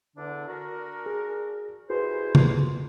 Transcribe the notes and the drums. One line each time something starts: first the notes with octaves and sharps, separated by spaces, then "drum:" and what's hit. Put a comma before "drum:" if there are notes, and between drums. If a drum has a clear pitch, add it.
E2 D3 D4
D4 F#4 A#4
G#4
C2 E4 F#4 G#4 B4 C5
drum: tom